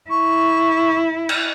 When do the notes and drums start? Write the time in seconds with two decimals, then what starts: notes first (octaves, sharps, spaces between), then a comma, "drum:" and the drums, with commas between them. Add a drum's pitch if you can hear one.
0.11 E4 C#6
1.29 drum: cymbal